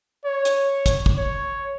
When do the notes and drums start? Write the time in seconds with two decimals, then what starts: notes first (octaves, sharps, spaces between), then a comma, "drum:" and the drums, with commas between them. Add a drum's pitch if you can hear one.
0.25 C#5
0.45 drum: hi-hat
0.86 drum: kick, hi-hat
1.06 drum: kick
1.17 C#5